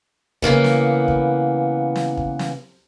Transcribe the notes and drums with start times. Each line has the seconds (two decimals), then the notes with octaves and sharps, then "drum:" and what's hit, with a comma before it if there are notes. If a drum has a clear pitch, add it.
0.42 C#3 E3 A#3 B3, drum: kick
0.64 drum: snare
1.08 drum: kick
1.96 drum: snare
2.17 drum: kick
2.39 drum: snare